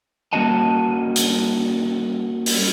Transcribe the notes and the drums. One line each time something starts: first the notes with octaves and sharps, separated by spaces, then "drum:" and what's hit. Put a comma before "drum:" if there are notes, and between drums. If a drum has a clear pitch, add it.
G3 A#3 C#4 F#4 D#5 A5
drum: hi-hat
drum: open hi-hat